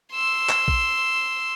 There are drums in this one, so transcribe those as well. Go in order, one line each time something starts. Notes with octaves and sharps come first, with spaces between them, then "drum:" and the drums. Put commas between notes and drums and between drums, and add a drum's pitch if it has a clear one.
C6 E6
drum: clap
drum: kick A#1